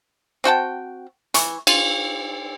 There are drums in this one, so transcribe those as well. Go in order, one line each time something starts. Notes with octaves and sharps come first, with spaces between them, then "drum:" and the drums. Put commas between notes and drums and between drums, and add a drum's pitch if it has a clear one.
C4 F#4 G5 A5
E3 C#6, drum: hi-hat
F4, drum: cymbal